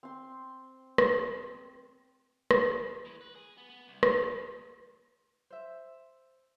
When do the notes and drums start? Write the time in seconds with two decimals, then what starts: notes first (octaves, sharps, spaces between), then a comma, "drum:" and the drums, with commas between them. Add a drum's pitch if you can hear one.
0.03 C4 C6
0.98 drum: rim click
2.51 drum: rim click
3.05 E3
3.21 B4
3.36 G#4
3.57 B3
3.70 B3
3.88 C2
4.03 F4, drum: rim click
5.50 C5 E5